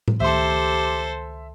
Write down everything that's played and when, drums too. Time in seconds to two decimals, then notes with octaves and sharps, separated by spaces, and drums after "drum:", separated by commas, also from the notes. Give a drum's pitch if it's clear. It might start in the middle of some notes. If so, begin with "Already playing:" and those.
0.08 drum: tom A2
0.20 C#2 D#3 A3 G4 A4 C5 E5 C6